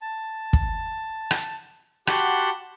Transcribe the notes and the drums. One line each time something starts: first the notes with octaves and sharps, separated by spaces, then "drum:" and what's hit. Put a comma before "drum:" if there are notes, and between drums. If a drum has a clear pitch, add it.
A5
drum: kick
drum: rim click
F#4 G4 F#5 A5 B5 C6, drum: rim click